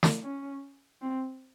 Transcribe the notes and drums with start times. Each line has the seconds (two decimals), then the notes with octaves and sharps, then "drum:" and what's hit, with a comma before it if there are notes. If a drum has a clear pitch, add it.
0.03 drum: snare
0.23 C#4
1.02 C4